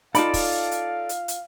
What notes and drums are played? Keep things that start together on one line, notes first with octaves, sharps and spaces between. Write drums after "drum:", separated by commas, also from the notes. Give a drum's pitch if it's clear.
D#4 F4 A4 D5 F5 A5 B5, drum: hi-hat
drum: kick, open hi-hat
drum: hi-hat
drum: hi-hat
drum: hi-hat